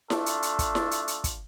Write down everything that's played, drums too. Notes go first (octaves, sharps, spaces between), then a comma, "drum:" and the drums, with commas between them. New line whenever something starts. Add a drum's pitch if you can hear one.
A3 D4 F4 A4, drum: snare E4
drum: hi-hat
drum: hi-hat
drum: kick, hi-hat
drum: snare E4
drum: hi-hat
drum: hi-hat
drum: kick, hi-hat